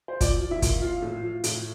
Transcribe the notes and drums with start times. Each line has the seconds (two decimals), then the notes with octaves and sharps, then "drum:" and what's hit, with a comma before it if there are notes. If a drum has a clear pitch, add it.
0.08 C5
0.21 F3 D5, drum: kick, hi-hat
0.41 F3
0.51 E4 E5
0.62 A#2, drum: kick, hi-hat
0.82 F3 F4 F5
1.02 A2
1.23 F3
1.44 A2, drum: hi-hat